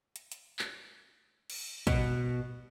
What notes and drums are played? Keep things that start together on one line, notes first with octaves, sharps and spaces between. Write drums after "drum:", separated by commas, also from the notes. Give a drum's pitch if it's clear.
drum: hi-hat
drum: hi-hat
drum: clap
drum: cymbal
B2, drum: kick